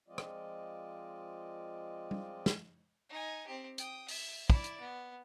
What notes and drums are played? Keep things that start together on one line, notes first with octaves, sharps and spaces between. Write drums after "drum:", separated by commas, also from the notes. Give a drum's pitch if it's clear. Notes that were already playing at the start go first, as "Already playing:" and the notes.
F3 G#3 C4 F4 D5 D#5
drum: rim click
drum: tom G3
drum: snare
D#4 G#5
C4 G4
G5 D#6, drum: hi-hat
E5, drum: open hi-hat
E4 D5, drum: kick
drum: hi-hat
B3